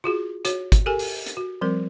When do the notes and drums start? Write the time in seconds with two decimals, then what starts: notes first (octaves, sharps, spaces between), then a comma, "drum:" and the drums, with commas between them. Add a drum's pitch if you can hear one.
0.04 F4 F#4 G#4
0.45 F#4 C#5, drum: hi-hat
0.72 drum: kick, hi-hat
0.86 G4 A4 A#4 G#5
0.99 drum: open hi-hat
1.26 drum: hi-hat
1.37 F#4
1.61 F3 G3 C4 A#4